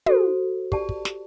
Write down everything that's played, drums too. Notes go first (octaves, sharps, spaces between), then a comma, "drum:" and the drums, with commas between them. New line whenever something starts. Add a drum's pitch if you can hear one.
F#4 A4 C5, drum: tom
G4 D5 A5, drum: kick
drum: kick
drum: snare